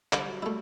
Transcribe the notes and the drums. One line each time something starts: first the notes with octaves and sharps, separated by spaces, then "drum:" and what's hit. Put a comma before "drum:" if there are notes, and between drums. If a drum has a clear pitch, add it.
D3 G3, drum: clap
F#3
G3 A3 E4